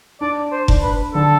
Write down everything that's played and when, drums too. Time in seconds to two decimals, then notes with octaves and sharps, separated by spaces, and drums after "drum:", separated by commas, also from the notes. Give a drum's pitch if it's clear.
0.21 D4 D5
0.52 C5
0.68 D4, drum: kick F1
0.83 B4
1.14 D3 A4